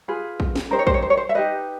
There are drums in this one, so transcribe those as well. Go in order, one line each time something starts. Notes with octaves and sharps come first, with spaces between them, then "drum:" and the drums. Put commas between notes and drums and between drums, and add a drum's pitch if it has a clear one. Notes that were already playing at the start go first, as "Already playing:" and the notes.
F4 G#4 B4
drum: kick
drum: snare
D#4 G4 A#4 C5
C#5
C5, drum: kick
C#5
C5
C#5
C5
E5
D#4 G4 B4 D#5